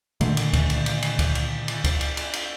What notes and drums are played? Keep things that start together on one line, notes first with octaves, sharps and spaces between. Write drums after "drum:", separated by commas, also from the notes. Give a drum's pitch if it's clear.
A#2 D3 D#3 A3, drum: cymbal
drum: cymbal
drum: kick C#2, cymbal
drum: cymbal
drum: cymbal
drum: cymbal
drum: kick C#2, cymbal
drum: cymbal
drum: cymbal
drum: kick C#2, cymbal
drum: cymbal
drum: cymbal
drum: cymbal